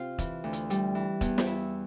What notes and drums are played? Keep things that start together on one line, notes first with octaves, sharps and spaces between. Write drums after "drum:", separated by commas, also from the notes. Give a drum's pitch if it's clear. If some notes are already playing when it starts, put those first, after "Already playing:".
Already playing: C3 C4 F4
E3, drum: kick E1, hi-hat
D2
drum: hi-hat
G3, drum: hi-hat
E3
E2, drum: kick E1, hi-hat
drum: snare
E4